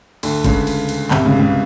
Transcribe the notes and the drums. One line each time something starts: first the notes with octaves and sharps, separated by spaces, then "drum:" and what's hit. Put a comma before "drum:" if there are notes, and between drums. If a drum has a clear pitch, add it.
D2 D3, drum: cymbal
C#2 C#3, drum: kick G1, cymbal
drum: cymbal
drum: cymbal
C2 C3, drum: clap
C#2 C#3
C#2 C#3